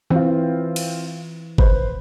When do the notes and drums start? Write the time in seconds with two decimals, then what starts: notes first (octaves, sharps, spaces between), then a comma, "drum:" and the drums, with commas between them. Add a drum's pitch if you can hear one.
0.11 E3 C4 F4
0.76 drum: cymbal
1.58 B4 C5, drum: kick F#1